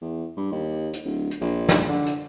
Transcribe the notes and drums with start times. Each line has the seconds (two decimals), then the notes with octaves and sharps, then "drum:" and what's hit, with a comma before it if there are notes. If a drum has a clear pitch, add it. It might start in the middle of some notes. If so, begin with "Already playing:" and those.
0.02 E2
0.37 G2
0.52 D#2
0.93 drum: hi-hat
1.05 D1
1.31 drum: hi-hat
1.41 A#1
1.69 drum: snare
1.89 D3
2.06 drum: hi-hat